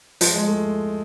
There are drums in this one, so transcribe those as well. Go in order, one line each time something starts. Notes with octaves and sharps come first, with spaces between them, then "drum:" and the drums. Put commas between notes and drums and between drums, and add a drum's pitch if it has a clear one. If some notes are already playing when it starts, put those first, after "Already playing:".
F3, drum: hi-hat
G#3
A3